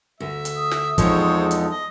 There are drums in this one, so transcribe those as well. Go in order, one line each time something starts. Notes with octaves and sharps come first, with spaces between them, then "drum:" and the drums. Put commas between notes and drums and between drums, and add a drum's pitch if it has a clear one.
D2 E5
drum: hi-hat
D#6
drum: snare
E2 F3 G#3 C4 D#4 A4 C#5, drum: kick, hi-hat
drum: hi-hat
D#5